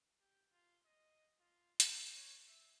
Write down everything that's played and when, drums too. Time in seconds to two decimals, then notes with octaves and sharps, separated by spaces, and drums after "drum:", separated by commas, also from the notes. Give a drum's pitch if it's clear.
0.19 G4
0.52 F4
0.85 D#5
1.40 F4
1.80 D#4, drum: hi-hat
2.15 C#5
2.47 E5